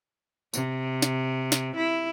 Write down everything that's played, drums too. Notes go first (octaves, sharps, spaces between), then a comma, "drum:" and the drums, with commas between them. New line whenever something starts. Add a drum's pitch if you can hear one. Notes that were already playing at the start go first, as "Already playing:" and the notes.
C3, drum: tambourine
drum: snare
drum: snare
E4